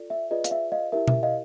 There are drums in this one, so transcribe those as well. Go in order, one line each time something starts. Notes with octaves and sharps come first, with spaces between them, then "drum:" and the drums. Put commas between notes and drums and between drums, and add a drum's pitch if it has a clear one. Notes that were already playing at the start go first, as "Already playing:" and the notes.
Already playing: F4 A4 D5
E5
F4 G#4 B4 D5 D#5
F5, drum: hi-hat
E5
D#5 F5
E4 G4 A#4 E5
E5, drum: tom B2
D#5 F5